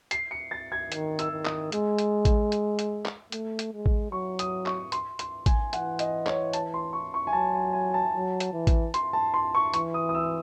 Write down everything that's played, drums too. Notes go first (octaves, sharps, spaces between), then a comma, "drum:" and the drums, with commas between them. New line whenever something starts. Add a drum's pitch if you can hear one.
C7, drum: hi-hat
C#7
A6
G#6
D#3, drum: hi-hat
E6, drum: hi-hat
D#3
D#6, drum: clap
G#3, drum: hi-hat
drum: hi-hat
drum: kick A1, hi-hat
drum: hi-hat
drum: hi-hat
drum: clap
A3, drum: hi-hat
drum: hi-hat
G#3
drum: kick A1
F#3 C#6
D#6, drum: hi-hat
C#6, drum: clap
C6, drum: hi-hat
C6, drum: hi-hat
G#5, drum: kick A1, hi-hat
E3 F#5, drum: hi-hat
D#5, drum: hi-hat
C#5, drum: clap
A5, drum: hi-hat
C6
C#6
C#6
G#5
F#3 A5
G#5
G#5
A5
F#3
drum: hi-hat
E3
drum: kick A1, hi-hat
C6, drum: hi-hat
A5
C6
C#6
E3 C#6, drum: hi-hat
D#6
D#6
E6